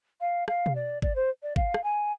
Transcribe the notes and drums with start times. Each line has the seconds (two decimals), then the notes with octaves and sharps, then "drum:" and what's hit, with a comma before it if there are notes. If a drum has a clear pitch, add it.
0.20 F5
0.48 F5, drum: rim click
0.66 drum: tom B2
0.75 D5
1.02 D5, drum: kick
1.15 C5
1.43 D5
1.56 F5, drum: kick
1.74 drum: rim click
1.83 G#5